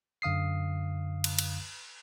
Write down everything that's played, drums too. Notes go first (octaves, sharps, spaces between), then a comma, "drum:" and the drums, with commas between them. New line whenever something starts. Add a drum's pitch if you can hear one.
F#2 D3 F5 D#6 C7
drum: cymbal
drum: cymbal